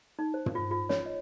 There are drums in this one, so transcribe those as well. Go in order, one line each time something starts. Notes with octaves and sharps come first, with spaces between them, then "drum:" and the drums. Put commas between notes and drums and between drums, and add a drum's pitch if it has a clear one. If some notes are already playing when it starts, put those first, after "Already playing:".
D#4
C5
drum: tom
F4
F4
C#5, drum: snare
D#5